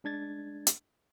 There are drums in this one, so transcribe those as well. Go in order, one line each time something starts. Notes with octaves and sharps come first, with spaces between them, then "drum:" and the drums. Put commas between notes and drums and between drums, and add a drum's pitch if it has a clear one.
G#3 D4 G#6 A6
drum: hi-hat